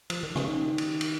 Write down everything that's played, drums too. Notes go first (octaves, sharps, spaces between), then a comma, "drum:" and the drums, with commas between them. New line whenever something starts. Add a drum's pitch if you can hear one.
F3, drum: cymbal
D#3
C#3, drum: rim click
D#3
drum: cymbal
drum: cymbal